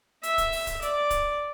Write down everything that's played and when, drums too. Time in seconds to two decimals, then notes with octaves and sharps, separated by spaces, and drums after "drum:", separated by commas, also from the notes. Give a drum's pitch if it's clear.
0.23 E5, drum: hi-hat
0.38 drum: kick, hi-hat
0.52 drum: open hi-hat
0.67 drum: kick, hi-hat
0.82 D5, drum: hi-hat
1.10 drum: kick, hi-hat